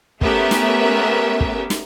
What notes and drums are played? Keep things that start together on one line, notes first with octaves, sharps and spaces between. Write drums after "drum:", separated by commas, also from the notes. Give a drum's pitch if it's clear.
A3 B3 C#4 G4 A#4 E5, drum: kick
drum: snare
drum: kick
drum: snare